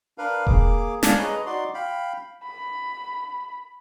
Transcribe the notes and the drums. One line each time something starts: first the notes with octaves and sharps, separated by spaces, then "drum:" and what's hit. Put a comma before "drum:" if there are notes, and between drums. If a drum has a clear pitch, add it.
D4 A#4 B4 F5
A#3 G#4 D6, drum: kick E1
A4 D5 F5 G#5 A5, drum: snare
G#4 B4 C#5 D#5 A#5
D#4 F#4 D5 C6
F5 G5 B5
B5